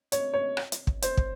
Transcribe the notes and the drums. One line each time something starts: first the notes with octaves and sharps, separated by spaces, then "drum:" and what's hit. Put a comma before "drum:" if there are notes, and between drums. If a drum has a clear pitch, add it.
C#5, drum: hi-hat
C#5
drum: rim click
drum: hi-hat
drum: kick
C5, drum: hi-hat
drum: kick